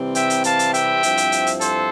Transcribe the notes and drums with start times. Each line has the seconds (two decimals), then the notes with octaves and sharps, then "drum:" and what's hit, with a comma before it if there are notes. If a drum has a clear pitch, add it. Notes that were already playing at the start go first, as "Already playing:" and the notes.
Already playing: C3 E3 G3 C4
0.15 E5 G5, drum: hi-hat
0.30 drum: hi-hat
0.44 F5 A5, drum: hi-hat
0.59 drum: hi-hat
0.74 E5 G5, drum: hi-hat
1.03 G2 F3 C4 E4, drum: hi-hat
1.17 drum: hi-hat
1.32 drum: hi-hat
1.47 drum: hi-hat
1.61 A4 C5, drum: hi-hat